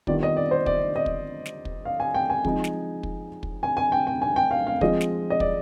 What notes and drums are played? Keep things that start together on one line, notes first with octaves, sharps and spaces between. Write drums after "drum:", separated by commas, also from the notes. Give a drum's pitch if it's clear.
D#3 G3 B3 D4 F4 D5, drum: kick
D#5
D5
C5
D5, drum: kick
D#5
drum: kick
drum: snare
drum: kick
F5
G#5
G5
G#5
F3 G#3 C4 D#4, drum: kick
drum: snare
drum: kick
drum: kick
G#5
G#5
G5
G5
G#5
G5
F5
F5
F3 G#3 C4 F4 D#5, drum: kick
drum: snare
D#5
D5, drum: kick